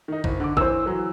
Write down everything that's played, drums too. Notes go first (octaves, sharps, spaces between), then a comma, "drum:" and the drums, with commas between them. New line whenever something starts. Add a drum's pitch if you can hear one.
D#3 D#4
F#1, drum: kick
D3 D6
E3 C5 E6, drum: kick
E3 F#3